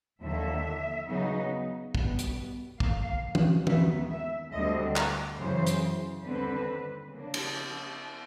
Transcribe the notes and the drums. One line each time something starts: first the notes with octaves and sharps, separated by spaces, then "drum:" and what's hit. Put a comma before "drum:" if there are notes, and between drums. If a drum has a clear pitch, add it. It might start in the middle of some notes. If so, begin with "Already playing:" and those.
D#2 D3 F3 A#3 E5
C#3 F#3 B3 D#4
B2 G3 B3, drum: kick
drum: hi-hat
D3 F3 A#3 F5, drum: kick
drum: tom E3
D#2 D#3 G#3 B3 E5, drum: tom E3
E5
D2 D3 G3 C4 D#5
D5, drum: clap
F#2 C#3 E3 C5
drum: hi-hat
D#2 D3 G3 C4 B4
C#3 F3 A#3 D4
drum: cymbal